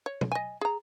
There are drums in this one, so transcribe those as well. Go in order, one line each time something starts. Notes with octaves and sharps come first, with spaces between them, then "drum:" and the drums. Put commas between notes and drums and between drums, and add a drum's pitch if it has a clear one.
C#5
drum: tom
D#5 G#5
G#4 A#5